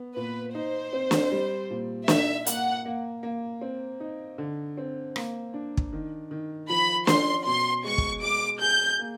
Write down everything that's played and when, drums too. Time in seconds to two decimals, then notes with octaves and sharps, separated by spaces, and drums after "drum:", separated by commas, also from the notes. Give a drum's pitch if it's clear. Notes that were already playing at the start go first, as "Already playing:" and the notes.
Already playing: B3
0.16 A#2 B4
0.54 D#4 C5
0.93 C4
1.11 drum: snare
1.32 G3
1.70 A#2
2.08 D#4 E5, drum: snare
2.46 A#3 F#5, drum: hi-hat
2.86 A#3
3.23 A#3
3.61 C4
4.00 D#4
4.38 D3
4.78 C4
5.16 A#3, drum: rim click
5.54 D4
5.77 drum: kick
5.93 D#3
6.31 D#3
6.69 F3 B5
7.07 C#4 C6, drum: snare
7.46 B2 C6
7.84 G#3 C#6
7.98 drum: kick
8.23 G#3 D6
8.61 G#4 G6
8.99 A#3